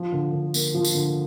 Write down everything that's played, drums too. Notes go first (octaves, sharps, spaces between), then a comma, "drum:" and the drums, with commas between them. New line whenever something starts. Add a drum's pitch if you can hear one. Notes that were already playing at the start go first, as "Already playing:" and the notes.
Already playing: F3
D3
D3
A#3, drum: tambourine
F3
drum: tambourine
D3